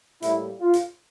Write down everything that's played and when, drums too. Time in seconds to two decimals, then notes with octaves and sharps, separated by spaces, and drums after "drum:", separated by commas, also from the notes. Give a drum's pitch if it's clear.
0.22 A2 G3 A#3 E4, drum: hi-hat
0.61 F4
0.73 drum: hi-hat